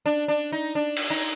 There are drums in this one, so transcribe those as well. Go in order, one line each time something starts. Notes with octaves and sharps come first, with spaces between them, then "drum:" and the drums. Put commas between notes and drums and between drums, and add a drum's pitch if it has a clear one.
D4
D4
D#4
D4
drum: cymbal
D#4